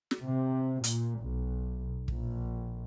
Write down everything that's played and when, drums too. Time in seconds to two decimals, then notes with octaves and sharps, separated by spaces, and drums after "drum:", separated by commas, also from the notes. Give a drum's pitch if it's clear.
0.11 drum: snare
0.23 C3
0.84 A#2, drum: hi-hat
1.21 B1
2.08 A#1, drum: kick